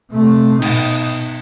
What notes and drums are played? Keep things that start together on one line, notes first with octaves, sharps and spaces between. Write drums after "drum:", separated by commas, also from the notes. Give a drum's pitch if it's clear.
C3 A3
B2 D#4, drum: cymbal